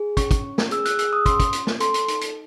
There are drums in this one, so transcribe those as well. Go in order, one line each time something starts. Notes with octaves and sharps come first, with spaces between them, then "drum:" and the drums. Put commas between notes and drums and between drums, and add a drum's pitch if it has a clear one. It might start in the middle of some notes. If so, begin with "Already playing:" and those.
Already playing: G#4
C#4 C#6, drum: kick, hi-hat
drum: kick, hi-hat
C#4
drum: snare
G#4 E6, drum: hi-hat
F#6, drum: hi-hat
G#4 E6, drum: hi-hat
D#6
C#4 C6, drum: kick, hi-hat
drum: kick, hi-hat
C#4, drum: hi-hat
drum: snare
A4 C6, drum: hi-hat
drum: hi-hat
D#4, drum: hi-hat
drum: hi-hat